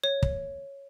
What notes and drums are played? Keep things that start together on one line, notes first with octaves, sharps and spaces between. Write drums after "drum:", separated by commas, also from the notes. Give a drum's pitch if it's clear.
C#5
drum: kick